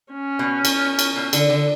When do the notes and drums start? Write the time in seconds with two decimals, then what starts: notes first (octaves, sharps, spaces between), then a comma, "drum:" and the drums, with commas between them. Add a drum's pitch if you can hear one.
0.13 C#4
0.39 B2
0.65 B2, drum: cymbal
0.99 drum: cymbal
1.16 B2
1.33 D3, drum: cymbal
1.50 D3